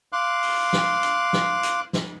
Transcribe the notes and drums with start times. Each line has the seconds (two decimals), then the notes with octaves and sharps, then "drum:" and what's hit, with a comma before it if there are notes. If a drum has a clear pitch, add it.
0.12 F5 C6 D6 F#6
0.43 drum: open hi-hat
0.73 drum: snare
1.03 drum: hi-hat
1.33 drum: snare
1.63 drum: hi-hat
1.93 drum: snare